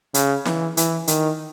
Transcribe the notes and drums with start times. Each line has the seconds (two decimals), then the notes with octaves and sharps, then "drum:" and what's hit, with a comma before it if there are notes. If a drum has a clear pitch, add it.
0.14 C#3, drum: hi-hat
0.45 E3, drum: snare
0.77 E3, drum: hi-hat
1.07 D#3, drum: hi-hat